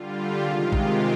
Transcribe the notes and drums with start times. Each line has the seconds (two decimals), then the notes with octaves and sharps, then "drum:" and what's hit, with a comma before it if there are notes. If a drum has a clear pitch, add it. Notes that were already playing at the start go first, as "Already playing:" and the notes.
Already playing: D3 G3 F4
0.15 G4
0.44 C3 D#3 G#3 F4
0.72 G4, drum: kick A1